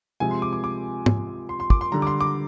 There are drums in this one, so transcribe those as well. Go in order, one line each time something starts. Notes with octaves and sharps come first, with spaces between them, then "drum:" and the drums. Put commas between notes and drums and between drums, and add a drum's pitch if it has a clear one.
C3 F3 G#3 G#5
C6
D6
D6
D6
drum: tom G#2
C6
C6
D6, drum: kick
C6
D3 G3 A#5
D6
C6
D6